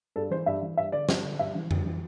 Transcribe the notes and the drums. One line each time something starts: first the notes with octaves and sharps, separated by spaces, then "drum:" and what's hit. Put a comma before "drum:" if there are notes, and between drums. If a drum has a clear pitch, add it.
G2 A4
E3 C5
G2 E5
E3
G2 E5
D3 D5
G2, drum: snare
D3
G2 E5
E3
G2, drum: tom F2
E3